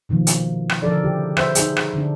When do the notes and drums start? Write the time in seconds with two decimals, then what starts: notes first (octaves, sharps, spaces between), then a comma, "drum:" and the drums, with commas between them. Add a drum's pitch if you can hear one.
0.09 B2 D#3 F3 A#3
0.27 drum: hi-hat
0.69 drum: rim click
0.82 D3 F3 D4 A4 A#4 D5
1.03 C#3 E4 G4
1.37 C5 E5, drum: rim click
1.55 D#4 G#4, drum: hi-hat
1.77 drum: rim click
1.93 D3 D4